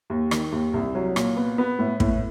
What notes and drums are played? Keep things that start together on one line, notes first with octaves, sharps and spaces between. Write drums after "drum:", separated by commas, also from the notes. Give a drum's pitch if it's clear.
D#2
D#3, drum: rim click
D#2
C2
F#3
A#2, drum: rim click
B3
B3
A2
A2, drum: kick